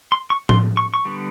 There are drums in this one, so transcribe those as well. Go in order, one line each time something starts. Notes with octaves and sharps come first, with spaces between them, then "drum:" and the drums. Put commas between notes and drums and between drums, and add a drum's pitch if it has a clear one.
C6
C#6
C6, drum: tom A2
C#6
C#6
D3 G3 B3